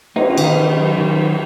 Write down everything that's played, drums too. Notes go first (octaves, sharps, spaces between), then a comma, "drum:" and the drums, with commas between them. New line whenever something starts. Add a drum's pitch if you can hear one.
A#3 D#4, drum: cymbal
F4
D#3, drum: cymbal
D#4
D#3
F#3
D#3
F#3